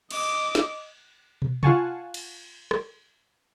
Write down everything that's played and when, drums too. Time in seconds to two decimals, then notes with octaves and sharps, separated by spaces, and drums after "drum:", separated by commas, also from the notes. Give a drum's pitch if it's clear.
0.11 D#5 D6, drum: cymbal
0.55 drum: snare
1.42 drum: tom
1.63 F4 F5 F#5 G#5 A5 C#6, drum: tom C3
2.14 drum: cymbal
2.71 drum: rim click